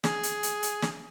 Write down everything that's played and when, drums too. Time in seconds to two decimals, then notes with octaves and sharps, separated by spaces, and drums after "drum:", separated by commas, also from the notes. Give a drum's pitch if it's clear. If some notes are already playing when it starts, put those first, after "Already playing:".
0.04 G#4, drum: snare
0.23 drum: hi-hat
0.43 drum: hi-hat
0.63 drum: hi-hat
0.82 drum: snare